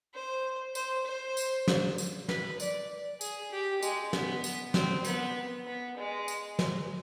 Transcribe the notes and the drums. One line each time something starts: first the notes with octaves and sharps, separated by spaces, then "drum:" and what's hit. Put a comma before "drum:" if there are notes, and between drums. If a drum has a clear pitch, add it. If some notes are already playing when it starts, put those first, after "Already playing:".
C5
C5, drum: tambourine
C5
drum: tambourine
drum: snare
drum: tambourine
B4, drum: snare
D5, drum: tambourine
G#4, drum: tambourine
G4
G#3, drum: tambourine
B3, drum: snare
drum: tambourine
C4, drum: snare
B3, drum: tambourine
B3
G#3
drum: tambourine
drum: snare